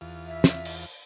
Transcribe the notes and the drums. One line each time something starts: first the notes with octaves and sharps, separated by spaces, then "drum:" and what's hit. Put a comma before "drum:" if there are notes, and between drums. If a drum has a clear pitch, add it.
E2 F4
E5
drum: snare
drum: open hi-hat